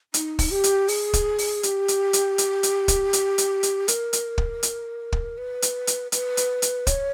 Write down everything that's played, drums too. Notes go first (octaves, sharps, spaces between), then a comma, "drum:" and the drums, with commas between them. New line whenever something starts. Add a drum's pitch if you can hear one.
D#4, drum: hi-hat
drum: kick, open hi-hat
G4
drum: hi-hat
G#4, drum: open hi-hat
drum: kick, hi-hat
drum: open hi-hat
G4, drum: hi-hat
drum: hi-hat
drum: hi-hat
drum: hi-hat
drum: hi-hat
drum: kick, hi-hat
drum: hi-hat
drum: hi-hat
drum: hi-hat
A#4, drum: hi-hat
drum: hi-hat
drum: kick
drum: hi-hat
drum: kick
B4
drum: hi-hat
drum: hi-hat
B4, drum: hi-hat
drum: hi-hat
drum: hi-hat
C#5, drum: kick, hi-hat